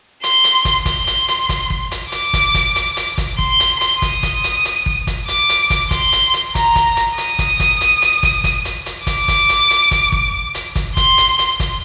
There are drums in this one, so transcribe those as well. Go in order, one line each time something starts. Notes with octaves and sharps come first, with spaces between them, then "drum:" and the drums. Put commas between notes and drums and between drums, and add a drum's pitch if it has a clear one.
C6, drum: hi-hat
drum: hi-hat
drum: kick, hi-hat
C6, drum: kick, hi-hat
drum: hi-hat
drum: hi-hat
drum: kick, hi-hat
drum: kick
drum: hi-hat
D6, drum: hi-hat
drum: kick, hi-hat
drum: kick, hi-hat
drum: hi-hat
drum: hi-hat
drum: kick, hi-hat
C6, drum: kick
drum: hi-hat
drum: hi-hat
D#6, drum: kick, hi-hat
drum: kick, hi-hat
drum: hi-hat
drum: hi-hat
drum: kick
drum: kick, hi-hat
D6, drum: hi-hat
drum: hi-hat
drum: kick, hi-hat
C6, drum: kick, hi-hat
drum: hi-hat
drum: hi-hat
A#5, drum: kick, hi-hat
drum: kick, hi-hat
drum: hi-hat
D#6, drum: hi-hat
drum: kick, hi-hat
drum: kick, hi-hat
drum: hi-hat
drum: hi-hat
drum: kick, hi-hat
drum: kick, hi-hat
drum: hi-hat
drum: hi-hat
D6, drum: kick, hi-hat
drum: kick, hi-hat
drum: hi-hat
drum: hi-hat
drum: kick, hi-hat
drum: kick
drum: hi-hat
drum: kick, hi-hat
C6, drum: kick, hi-hat
drum: hi-hat
drum: hi-hat
drum: kick, hi-hat